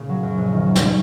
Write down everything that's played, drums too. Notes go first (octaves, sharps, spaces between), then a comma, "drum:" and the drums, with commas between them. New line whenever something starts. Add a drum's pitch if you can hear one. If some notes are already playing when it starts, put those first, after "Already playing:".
Already playing: A#2 C#3 A3 C#4
F#3
F#2
A#1
D#3
F#3
drum: snare